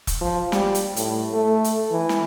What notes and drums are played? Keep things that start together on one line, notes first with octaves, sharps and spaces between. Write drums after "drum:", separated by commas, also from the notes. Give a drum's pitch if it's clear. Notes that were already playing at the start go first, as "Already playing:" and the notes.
drum: kick E1, hi-hat
F3
G3, drum: snare
drum: hi-hat
A2, drum: hi-hat
A3
drum: hi-hat
E3
drum: snare